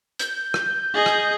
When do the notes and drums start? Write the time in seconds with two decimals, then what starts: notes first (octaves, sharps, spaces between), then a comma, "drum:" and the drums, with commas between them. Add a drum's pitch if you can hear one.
0.19 G6, drum: hi-hat
0.54 drum: rim click
0.94 G#4 D#5
1.06 drum: rim click